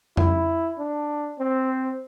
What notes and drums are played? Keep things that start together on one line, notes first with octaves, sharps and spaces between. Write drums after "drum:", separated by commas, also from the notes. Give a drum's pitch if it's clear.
E4, drum: tom F2
D4
C4